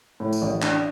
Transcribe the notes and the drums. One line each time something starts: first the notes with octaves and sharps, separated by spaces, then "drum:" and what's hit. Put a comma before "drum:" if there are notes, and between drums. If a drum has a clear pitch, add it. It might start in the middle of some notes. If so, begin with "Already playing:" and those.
A2
drum: tambourine
A1
D4, drum: clap